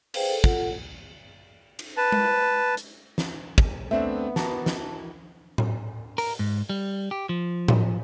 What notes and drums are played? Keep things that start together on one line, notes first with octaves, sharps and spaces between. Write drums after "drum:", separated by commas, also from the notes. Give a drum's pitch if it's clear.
G#4 B4 C5 F5 G5, drum: cymbal
A4
F4 A4 F#5, drum: kick
drum: cymbal
B4 A5
drum: tom G#3
drum: hi-hat
drum: snare
drum: kick
A3 B3 C4 D4 E5
D#3 E3 F#4 A5, drum: snare
drum: snare
drum: tom A2
A#4, drum: open hi-hat
G#2
G3
G4
F3
drum: tom A2